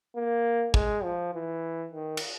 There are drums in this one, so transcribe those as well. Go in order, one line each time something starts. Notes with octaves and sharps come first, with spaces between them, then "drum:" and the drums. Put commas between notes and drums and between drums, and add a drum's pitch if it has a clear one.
A#3
G#3, drum: kick
F3
E3
D#3
drum: cymbal